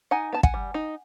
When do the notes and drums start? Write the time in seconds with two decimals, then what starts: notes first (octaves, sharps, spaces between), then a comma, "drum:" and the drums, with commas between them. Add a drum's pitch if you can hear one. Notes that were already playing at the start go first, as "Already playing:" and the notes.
0.11 D#4 F#5 G#5
0.32 B3 A5
0.43 F#5 G#5, drum: kick
0.54 G3
0.74 D#4